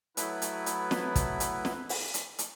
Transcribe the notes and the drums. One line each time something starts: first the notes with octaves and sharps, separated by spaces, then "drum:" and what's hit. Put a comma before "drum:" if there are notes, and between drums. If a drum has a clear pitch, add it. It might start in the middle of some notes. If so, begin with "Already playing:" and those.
F#3 A3 B3 E4 B4, drum: hi-hat
drum: hi-hat
drum: hi-hat
drum: snare
drum: kick, hi-hat
drum: hi-hat
drum: snare
drum: open hi-hat
drum: hi-hat
drum: hi-hat